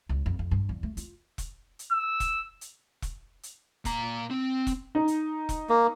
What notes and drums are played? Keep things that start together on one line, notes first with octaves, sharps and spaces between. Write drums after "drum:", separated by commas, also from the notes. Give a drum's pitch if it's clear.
C#2
F2
F2
G2
E2
A3
F4, drum: hi-hat
drum: kick E1, hi-hat
drum: hi-hat
E6
drum: kick E1, hi-hat
drum: hi-hat
drum: kick E1, hi-hat
drum: hi-hat
A#2 A#5, drum: kick E1, hi-hat
C4
drum: kick E1, hi-hat
D#4
drum: hi-hat
drum: kick E1, hi-hat
A#3